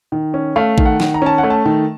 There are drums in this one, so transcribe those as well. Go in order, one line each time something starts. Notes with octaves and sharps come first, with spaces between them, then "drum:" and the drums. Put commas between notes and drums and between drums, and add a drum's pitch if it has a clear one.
D#3
C#4
A3 F5
D#3, drum: kick A#1
F#5
D#3, drum: snare
A#5
C#4 A5
F#5
A3
A5
D#3